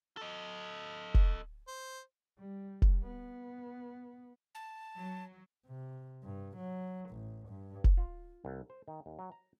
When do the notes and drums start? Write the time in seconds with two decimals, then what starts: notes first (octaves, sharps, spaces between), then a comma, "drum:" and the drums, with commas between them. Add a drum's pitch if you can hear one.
0.17 A4 D#5
1.14 drum: kick F1
1.67 C5
2.38 G3
2.82 drum: kick F1
3.03 B3
4.55 A5
4.96 F#3
5.66 C3
6.24 G2
6.56 F#3
7.10 A1
7.48 G2
7.84 drum: kick F1
7.97 F4
8.45 C2
8.70 C5
8.88 D#3
9.06 D#2
9.19 F#3
9.32 A#5